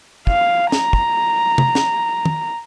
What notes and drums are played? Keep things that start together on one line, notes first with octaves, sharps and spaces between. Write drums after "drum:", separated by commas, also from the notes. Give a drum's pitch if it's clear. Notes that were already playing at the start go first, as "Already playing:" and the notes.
F5, drum: kick
A#5, drum: snare
drum: kick
drum: tom C3
drum: snare
drum: tom